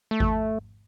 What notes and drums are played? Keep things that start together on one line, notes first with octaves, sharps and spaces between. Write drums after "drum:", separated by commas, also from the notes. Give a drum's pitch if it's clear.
A3
drum: kick G#1